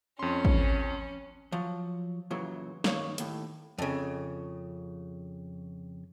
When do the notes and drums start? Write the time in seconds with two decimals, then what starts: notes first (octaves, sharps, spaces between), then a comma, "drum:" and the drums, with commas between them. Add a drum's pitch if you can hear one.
0.19 F2 C#4 C6
0.45 drum: kick
1.52 F3 F#3
2.31 F#2 A#2 C#3 E3 F#3
2.84 G2 D#3 A#3 C#5, drum: snare
3.18 D#2 A2, drum: hi-hat
3.78 F2 C#3